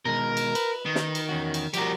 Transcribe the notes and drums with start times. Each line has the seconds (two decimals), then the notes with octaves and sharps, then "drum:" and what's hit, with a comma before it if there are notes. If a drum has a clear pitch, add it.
0.05 B2 D#3 G#3 A#4
0.37 drum: cymbal
0.55 B4, drum: cymbal
0.86 D#3
0.95 drum: snare
1.15 drum: cymbal
1.29 E2 C#4 F#4
1.54 drum: cymbal
1.74 F3 G3 F#4 G4 A#4, drum: cymbal